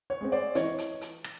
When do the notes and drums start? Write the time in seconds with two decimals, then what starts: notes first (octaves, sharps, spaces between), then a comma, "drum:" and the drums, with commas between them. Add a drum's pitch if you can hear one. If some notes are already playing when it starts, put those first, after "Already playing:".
0.10 C#5
0.21 G#3 C4
0.32 C5 D5
0.55 E3 C#5 D#5, drum: hi-hat
0.78 drum: hi-hat
1.01 drum: hi-hat
1.24 drum: rim click